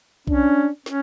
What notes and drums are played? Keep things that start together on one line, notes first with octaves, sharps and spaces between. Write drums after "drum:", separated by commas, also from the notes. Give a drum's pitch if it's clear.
C#4 D4, drum: kick B1
C#4, drum: snare